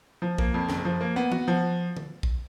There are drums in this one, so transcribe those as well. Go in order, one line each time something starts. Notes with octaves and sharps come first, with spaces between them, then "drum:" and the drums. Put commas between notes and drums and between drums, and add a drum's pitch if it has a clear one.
F3
A#3, drum: kick
F2
F#1, drum: snare
F3
A#3
B3
F#4, drum: tom E3
F3
drum: tom D3
drum: kick